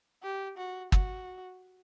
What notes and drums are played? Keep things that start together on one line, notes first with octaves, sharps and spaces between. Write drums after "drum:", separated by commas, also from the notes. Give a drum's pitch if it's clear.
G4
F#4
F#4, drum: kick